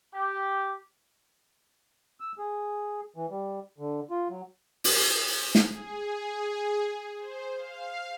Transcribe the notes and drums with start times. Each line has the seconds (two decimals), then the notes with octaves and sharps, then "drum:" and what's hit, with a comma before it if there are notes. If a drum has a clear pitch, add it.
0.13 G4
2.20 E6
2.39 G#4
3.16 E3
3.31 G3
3.78 D3
4.10 F4
4.29 F#3
4.84 drum: open hi-hat
5.55 G#4, drum: snare
7.18 C5
7.56 F5